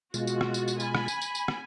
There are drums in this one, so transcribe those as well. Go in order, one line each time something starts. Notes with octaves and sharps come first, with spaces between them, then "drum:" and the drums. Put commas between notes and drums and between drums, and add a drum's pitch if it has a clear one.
B2 G#3 F4 F#4, drum: tambourine
drum: tambourine
drum: rim click
drum: tambourine
drum: tambourine
G#5 B5, drum: tambourine
drum: rim click
drum: tambourine
drum: tambourine
drum: tambourine
drum: rim click